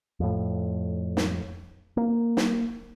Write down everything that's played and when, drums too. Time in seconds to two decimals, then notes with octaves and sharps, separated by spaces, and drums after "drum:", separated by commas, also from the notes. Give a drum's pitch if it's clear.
0.20 F2 A2
1.17 drum: snare
1.97 A#3
2.37 drum: snare